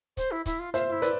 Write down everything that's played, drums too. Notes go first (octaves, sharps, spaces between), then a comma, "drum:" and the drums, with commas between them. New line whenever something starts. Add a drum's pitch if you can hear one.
C5, drum: kick, hi-hat
E4
E4, drum: kick, hi-hat
F4
F4 C5 E5, drum: hi-hat
F4
E4
B4 D5, drum: hi-hat